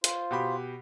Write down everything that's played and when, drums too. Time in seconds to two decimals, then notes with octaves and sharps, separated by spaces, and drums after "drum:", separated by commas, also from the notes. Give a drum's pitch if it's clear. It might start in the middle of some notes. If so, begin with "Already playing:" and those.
0.04 F4 C5, drum: hi-hat
0.31 B2 G4 B5